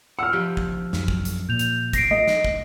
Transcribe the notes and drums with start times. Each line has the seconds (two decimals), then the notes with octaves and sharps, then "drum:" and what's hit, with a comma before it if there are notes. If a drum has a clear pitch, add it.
0.19 F#5 E6 F6
0.33 F3 G4
0.57 drum: kick
0.93 F#2, drum: snare
1.08 drum: kick
1.25 drum: hi-hat
1.49 A#2 G6 F7
1.59 drum: hi-hat
1.93 A#6 C7 D7, drum: kick, hi-hat
2.11 A3 D#5
2.27 drum: snare
2.45 drum: kick